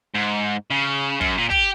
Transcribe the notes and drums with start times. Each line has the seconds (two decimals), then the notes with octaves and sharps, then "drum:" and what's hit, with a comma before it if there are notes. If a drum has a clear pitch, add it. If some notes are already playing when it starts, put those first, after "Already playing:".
0.14 G#2
0.71 C#3
1.21 F#2, drum: kick
1.38 A#2
1.51 G4, drum: kick